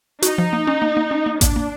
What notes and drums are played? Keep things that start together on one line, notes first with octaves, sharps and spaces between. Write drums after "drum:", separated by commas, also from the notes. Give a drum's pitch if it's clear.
D#4 F#4, drum: hi-hat
F3
A#3
C#4
A#3
A#3
C#4
A#3
A#3 D4, drum: kick A1, hi-hat
A#3